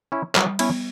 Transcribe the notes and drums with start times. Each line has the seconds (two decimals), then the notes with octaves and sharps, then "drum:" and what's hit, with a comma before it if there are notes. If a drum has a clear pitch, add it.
0.12 C#4 E4
0.35 F#3 G3, drum: clap
0.59 B3 C#4 E4, drum: cymbal